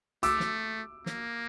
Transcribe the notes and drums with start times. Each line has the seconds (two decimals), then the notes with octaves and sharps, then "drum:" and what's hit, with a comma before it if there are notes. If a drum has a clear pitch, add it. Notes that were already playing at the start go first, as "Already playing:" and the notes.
0.23 A3 D6 E6, drum: hi-hat
0.40 drum: snare
1.06 A#3, drum: snare